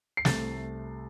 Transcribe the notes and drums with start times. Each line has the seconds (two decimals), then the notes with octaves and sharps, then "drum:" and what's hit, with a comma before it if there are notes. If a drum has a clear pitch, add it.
0.17 C7
0.25 C2 C3 A3 A6, drum: snare